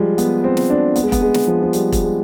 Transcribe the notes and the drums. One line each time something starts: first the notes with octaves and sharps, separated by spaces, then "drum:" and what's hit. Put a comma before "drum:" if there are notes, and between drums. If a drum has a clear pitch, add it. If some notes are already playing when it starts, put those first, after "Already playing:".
Already playing: F3 G3 G#3
B3, drum: hi-hat
C4
drum: snare
D4
B3, drum: hi-hat
G#3
B3, drum: kick E1, hi-hat
G#3
drum: snare
F3
F3
G3, drum: hi-hat
drum: kick E1, hi-hat
G#3